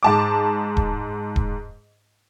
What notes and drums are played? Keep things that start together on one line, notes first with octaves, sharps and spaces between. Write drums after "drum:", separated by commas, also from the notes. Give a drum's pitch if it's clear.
G#2 A5 D6
drum: kick D#1
drum: kick D#1